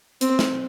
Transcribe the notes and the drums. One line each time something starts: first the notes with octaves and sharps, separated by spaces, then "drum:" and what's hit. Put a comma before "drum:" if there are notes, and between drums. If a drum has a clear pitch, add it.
C4, drum: hi-hat
drum: snare